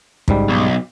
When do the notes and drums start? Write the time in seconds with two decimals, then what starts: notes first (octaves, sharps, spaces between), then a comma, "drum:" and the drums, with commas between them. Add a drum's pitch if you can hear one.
0.28 C#2 G#2 G3, drum: kick
0.49 B1